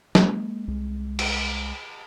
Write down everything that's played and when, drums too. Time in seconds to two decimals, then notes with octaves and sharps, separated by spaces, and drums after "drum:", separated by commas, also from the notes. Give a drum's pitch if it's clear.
0.15 G#3 A#3, drum: snare
0.68 C2 G#3
1.19 drum: cymbal